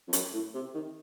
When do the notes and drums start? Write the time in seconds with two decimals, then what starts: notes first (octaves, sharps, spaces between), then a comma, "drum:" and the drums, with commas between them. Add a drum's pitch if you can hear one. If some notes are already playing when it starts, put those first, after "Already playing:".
0.08 F2
0.13 F#2, drum: hi-hat
0.33 A2
0.54 C3
0.74 D#3